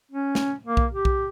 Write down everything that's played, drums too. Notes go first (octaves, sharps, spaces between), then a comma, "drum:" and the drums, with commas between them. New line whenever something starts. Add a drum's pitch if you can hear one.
C#4
drum: snare
A#3
drum: kick B1
G4
drum: kick B1